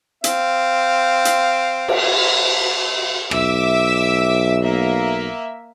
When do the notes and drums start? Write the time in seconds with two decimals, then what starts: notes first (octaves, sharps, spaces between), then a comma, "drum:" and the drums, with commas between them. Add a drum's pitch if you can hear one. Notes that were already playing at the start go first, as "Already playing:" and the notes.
0.24 C4 F5, drum: hi-hat
1.25 drum: hi-hat
1.88 drum: cymbal
3.31 B1 E5 D6 E6, drum: rim click
4.63 A#3 E5